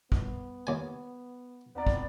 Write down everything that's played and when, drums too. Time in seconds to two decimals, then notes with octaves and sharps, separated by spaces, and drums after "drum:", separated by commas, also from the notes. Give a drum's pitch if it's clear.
0.12 G3 B3, drum: kick
0.67 D#2 G#5
1.75 D#2 B3 C4 D5 A#5
1.87 drum: kick